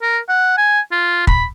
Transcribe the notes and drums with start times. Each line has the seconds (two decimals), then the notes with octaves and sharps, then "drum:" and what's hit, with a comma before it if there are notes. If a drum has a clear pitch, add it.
0.02 A#4
0.29 F#5
0.58 G#5
0.92 F4
1.27 B5, drum: kick